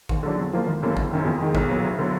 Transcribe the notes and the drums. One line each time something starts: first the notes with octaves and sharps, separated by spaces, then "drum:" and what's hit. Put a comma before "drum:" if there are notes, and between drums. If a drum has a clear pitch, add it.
D#2, drum: kick A1
D3 F#3 D4
F2
F3 A#3 F4
G#1
F#2 D3 F#3 A#3
F#1, drum: kick A1
F#2 D#3
F2
D#3 G#3
B1, drum: kick A1
A#2 F#3 B3
D2
D3 F#3